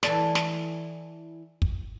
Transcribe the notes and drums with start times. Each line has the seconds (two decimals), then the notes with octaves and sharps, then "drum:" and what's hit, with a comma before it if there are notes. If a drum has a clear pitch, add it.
0.03 E3 A4 D5, drum: snare
0.35 drum: snare
1.62 drum: kick